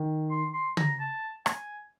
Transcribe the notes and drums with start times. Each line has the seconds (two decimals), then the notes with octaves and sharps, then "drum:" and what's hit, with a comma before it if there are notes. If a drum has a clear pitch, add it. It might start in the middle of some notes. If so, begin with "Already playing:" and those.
Already playing: D#3
0.30 C6
0.53 C6
0.77 A#5, drum: tom
1.00 A5
1.46 G#5, drum: rim click